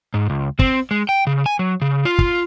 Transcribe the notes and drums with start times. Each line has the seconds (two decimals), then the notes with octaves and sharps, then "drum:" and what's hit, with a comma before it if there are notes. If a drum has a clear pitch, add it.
0.14 G#2
0.30 C#2
0.59 C4, drum: kick
0.91 G#3
1.09 G5
1.27 C#3
1.46 G#5
1.59 F#3
1.82 C#3
2.05 F4
2.19 drum: kick